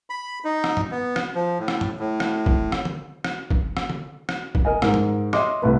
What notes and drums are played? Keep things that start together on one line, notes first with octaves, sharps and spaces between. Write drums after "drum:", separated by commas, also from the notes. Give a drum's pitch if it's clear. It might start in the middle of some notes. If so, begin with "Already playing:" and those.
B5
D#4
drum: rim click
drum: tom G2
B3
drum: rim click
F3
A2
drum: rim click
drum: tom G2
A2
drum: rim click
drum: kick G#1
drum: rim click
drum: tom D3
drum: rim click
drum: kick G#1
drum: rim click
drum: tom D3
drum: rim click
drum: kick G#1
A#4 D#5 G#5
G#2 A#4, drum: rim click
drum: tom G2
C#5 D#5 E5 C6 D6, drum: rim click
C2 A2 B4